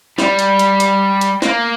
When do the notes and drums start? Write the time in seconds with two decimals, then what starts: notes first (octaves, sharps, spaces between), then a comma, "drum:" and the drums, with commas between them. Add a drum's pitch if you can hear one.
0.18 G3, drum: snare
0.39 drum: hi-hat
0.59 drum: hi-hat
0.80 drum: hi-hat
1.21 drum: hi-hat
1.42 A#3, drum: snare